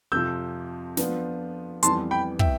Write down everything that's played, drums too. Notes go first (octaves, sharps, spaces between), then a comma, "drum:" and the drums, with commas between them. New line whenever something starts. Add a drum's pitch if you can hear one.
F2 C3 F3 E6 G6
F3 B3 D4 F4, drum: snare
F2 E3 G3 B3 A5 C6, drum: hi-hat
G5 B5
E5 G5, drum: kick